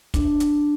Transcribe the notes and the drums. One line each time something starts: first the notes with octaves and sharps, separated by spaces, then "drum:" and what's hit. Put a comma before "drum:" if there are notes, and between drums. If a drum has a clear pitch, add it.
D4, drum: kick, hi-hat
drum: hi-hat